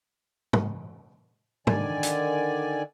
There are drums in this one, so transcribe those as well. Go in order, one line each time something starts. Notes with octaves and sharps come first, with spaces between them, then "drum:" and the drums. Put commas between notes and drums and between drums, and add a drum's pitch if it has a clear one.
drum: tom
D3 D#3 D5 G#5, drum: tom
drum: hi-hat